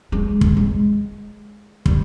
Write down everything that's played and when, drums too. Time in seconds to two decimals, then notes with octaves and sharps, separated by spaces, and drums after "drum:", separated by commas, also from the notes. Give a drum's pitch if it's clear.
0.12 G#3
0.41 drum: kick
0.57 G#3
1.86 G3, drum: kick